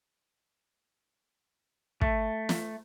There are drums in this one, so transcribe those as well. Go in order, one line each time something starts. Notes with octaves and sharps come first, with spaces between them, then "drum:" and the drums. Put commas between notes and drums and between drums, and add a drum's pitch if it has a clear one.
A3, drum: kick
drum: snare